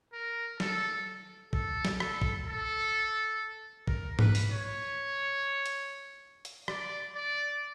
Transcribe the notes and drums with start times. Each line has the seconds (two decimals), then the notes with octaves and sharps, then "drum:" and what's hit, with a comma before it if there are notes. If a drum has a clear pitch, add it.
0.13 A#4
0.60 A4, drum: snare
1.53 A4, drum: kick A1
1.85 drum: snare
2.00 A4, drum: rim click
2.22 drum: kick A1
2.47 A4
3.87 A#4, drum: kick A1
4.19 B4, drum: tom G#2
4.35 drum: open hi-hat
4.50 C#5
5.66 drum: hi-hat
6.45 drum: hi-hat
6.68 D5, drum: rim click
7.15 D5